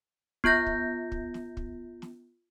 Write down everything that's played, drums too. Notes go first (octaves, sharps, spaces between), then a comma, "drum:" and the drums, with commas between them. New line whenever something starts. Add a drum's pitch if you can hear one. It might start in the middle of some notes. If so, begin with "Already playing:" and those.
B3 F4 G6 A#6, drum: kick
drum: kick
drum: kick
drum: snare
drum: kick
drum: snare